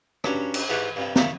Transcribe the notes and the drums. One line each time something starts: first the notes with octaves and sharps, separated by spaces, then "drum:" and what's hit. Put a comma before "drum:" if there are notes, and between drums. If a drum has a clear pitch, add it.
G2 F#3 C#4 D4, drum: rim click
drum: cymbal
G#2 E3 F4 G4 C#5 F#5
G2 C3 F3
D#3 C#4 E4 F4, drum: snare